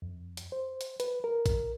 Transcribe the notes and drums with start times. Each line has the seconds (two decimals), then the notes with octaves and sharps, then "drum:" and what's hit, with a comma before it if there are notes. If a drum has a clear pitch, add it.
0.02 F2
0.37 drum: hi-hat
0.52 C5
0.81 drum: hi-hat
1.00 B4, drum: hi-hat
1.24 A#4
1.46 drum: kick A#1, hi-hat